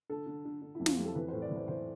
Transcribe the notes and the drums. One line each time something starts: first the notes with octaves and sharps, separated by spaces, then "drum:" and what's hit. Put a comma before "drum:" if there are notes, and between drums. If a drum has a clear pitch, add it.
D3 A4
D3
D3
D3
F2 E4
F4, drum: snare
F2 G4
A4
E3 B4
A2 C5
D5
E3 C5
E3 C5